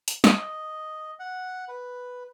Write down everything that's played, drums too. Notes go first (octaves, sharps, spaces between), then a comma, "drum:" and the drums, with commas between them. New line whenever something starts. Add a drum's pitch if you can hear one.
drum: hi-hat
D#5, drum: snare
F#5
B4